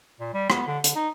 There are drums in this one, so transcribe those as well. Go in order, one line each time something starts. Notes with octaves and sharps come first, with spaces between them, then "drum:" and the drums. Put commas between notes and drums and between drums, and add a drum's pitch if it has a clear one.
A#2
G3
B3, drum: rim click
D3
D3, drum: hi-hat
D#4